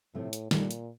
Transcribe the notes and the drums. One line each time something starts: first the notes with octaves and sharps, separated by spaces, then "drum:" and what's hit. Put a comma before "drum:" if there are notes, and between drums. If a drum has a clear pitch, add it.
A2 C3 F3 A3 C4
drum: hi-hat
A#2 D3 G3 A#3 D#4, drum: snare
drum: hi-hat